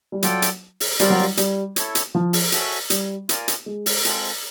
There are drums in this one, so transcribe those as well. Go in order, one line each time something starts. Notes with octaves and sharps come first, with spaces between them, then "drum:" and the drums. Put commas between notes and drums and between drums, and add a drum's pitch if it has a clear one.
G3
F#3 F4 A4 D5 G5, drum: hi-hat
drum: hi-hat
drum: open hi-hat
G3 C4 F4 A#4 D5 F5, drum: hi-hat
F#3
G3
G3, drum: hi-hat
E4 A4 C#5, drum: hi-hat
drum: hi-hat
F3
drum: open hi-hat
F#4 A4 C#5 E5 G#5, drum: hi-hat
G3, drum: hi-hat
F4 A#4 D5 F5 G#5, drum: hi-hat
drum: hi-hat
G#3
drum: open hi-hat
G#3 C4 F4 A4, drum: hi-hat